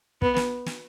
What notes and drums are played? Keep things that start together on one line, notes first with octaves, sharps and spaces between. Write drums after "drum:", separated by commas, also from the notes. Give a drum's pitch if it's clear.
B3, drum: kick
drum: snare
drum: snare